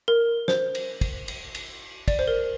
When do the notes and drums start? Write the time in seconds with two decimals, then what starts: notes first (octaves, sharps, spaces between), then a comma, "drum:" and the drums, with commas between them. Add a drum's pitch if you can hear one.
0.08 A#4
0.48 C5, drum: snare
0.75 drum: cymbal
1.01 drum: kick, cymbal
1.28 drum: cymbal
1.55 drum: cymbal
2.08 D5, drum: kick, cymbal
2.19 C5
2.28 A#4